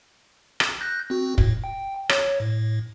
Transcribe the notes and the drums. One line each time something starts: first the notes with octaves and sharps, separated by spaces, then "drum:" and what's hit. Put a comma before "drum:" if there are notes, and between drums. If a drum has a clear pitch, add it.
drum: rim click
F#6 G6 A#6
C4 F#4
A2, drum: kick
G5
C#5, drum: rim click
A2